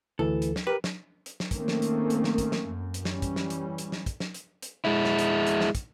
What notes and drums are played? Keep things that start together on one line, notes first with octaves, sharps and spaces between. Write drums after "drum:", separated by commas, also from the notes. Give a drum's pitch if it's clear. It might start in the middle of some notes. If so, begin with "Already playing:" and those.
D2 E3 A4
drum: hi-hat
drum: snare
G4 A#4 B4
drum: snare
drum: hi-hat
drum: snare
D#3 A3 A#3 C4 C#4, drum: kick, hi-hat
drum: snare
drum: hi-hat
drum: hi-hat
drum: snare
drum: kick, hi-hat
drum: snare
F#2
drum: hi-hat
E3 G3 C#4, drum: snare
drum: kick, hi-hat
drum: snare
drum: hi-hat
drum: hi-hat
drum: snare
drum: kick, hi-hat
drum: snare
drum: hi-hat
drum: hi-hat
G#3 E4
drum: snare
drum: hi-hat
drum: hi-hat
drum: snare
drum: kick, hi-hat